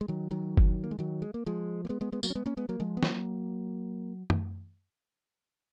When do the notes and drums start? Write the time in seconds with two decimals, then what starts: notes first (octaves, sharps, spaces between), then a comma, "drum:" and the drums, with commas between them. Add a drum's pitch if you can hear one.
0.01 G#3
0.08 D#3 F#3
0.31 D#3 F#3
0.57 drum: kick
0.84 A#3
0.91 G#3
0.99 D#3 F#3
1.22 G#3
1.34 A#3
1.46 F3 G#3
1.85 A#3
1.89 G#3 B3
2.01 G#3 B3
2.12 G#3 B3
2.23 F#3 A#3, drum: tambourine
2.30 C#4
2.35 G#3 B3
2.46 A#3 C#4
2.57 G#3 B3
2.69 F#3 A#3
2.80 F3 G#3
2.97 B3
3.03 F#3 A#3, drum: snare
4.30 drum: tom F#2